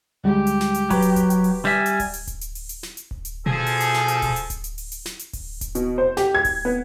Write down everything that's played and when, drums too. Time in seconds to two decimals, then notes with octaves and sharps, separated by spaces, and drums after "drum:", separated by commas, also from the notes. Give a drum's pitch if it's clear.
0.24 D2 G3 G#3 G4
0.47 drum: hi-hat
0.61 drum: snare
0.74 drum: hi-hat
0.90 F#3 B4 B5, drum: kick D1, open hi-hat
1.02 drum: hi-hat
1.16 drum: kick D1, hi-hat
1.30 drum: hi-hat
1.44 drum: open hi-hat
1.65 G3 E5 G#5
1.86 drum: hi-hat
2.00 drum: kick D1, open hi-hat
2.14 drum: hi-hat
2.27 drum: kick D1, hi-hat
2.41 drum: hi-hat
2.55 drum: open hi-hat
2.69 drum: hi-hat
2.83 drum: snare
2.97 drum: hi-hat
3.11 drum: kick D1
3.25 drum: hi-hat
3.46 B2 F3 G#4 A4
3.66 drum: open hi-hat
3.80 drum: hi-hat
3.94 drum: snare
4.08 drum: hi-hat
4.22 drum: kick D1, open hi-hat
4.36 drum: hi-hat
4.50 drum: kick D1, hi-hat
4.64 drum: hi-hat
4.78 drum: open hi-hat
4.92 drum: hi-hat
5.06 drum: snare
5.19 drum: hi-hat
5.33 drum: kick D1, open hi-hat
5.61 drum: kick D1, hi-hat
5.75 B2, drum: hi-hat
5.98 C5
6.17 G4, drum: snare
6.35 G#6
6.45 drum: kick D1, open hi-hat
6.65 B3